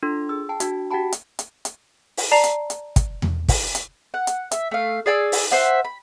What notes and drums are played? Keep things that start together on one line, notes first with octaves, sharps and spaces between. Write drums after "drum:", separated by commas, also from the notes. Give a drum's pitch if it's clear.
D4 F4 A4 C6
G#4 E6
G5 A5
D4 F#4, drum: hi-hat
F#4 G4 F#5 G5 A5 B5
drum: hi-hat
drum: hi-hat
drum: hi-hat
drum: open hi-hat
D5 A5 A#5 C7 F7
drum: hi-hat
drum: hi-hat
drum: kick, hi-hat
drum: tom E2
drum: kick, open hi-hat
drum: hi-hat
F#5
drum: hi-hat
E5, drum: hi-hat
A3 F5
G#4 D5 G#5 E6
drum: open hi-hat
C5 E5 F#5
B5